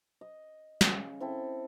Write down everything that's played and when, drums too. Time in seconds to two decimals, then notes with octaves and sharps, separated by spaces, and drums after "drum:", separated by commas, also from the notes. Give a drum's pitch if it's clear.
0.21 D#5
0.81 C#3, drum: snare
1.20 C4 E4 A4